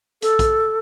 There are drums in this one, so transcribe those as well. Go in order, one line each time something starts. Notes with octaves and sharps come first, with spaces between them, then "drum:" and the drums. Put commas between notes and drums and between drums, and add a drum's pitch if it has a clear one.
A4, drum: hi-hat
drum: kick, hi-hat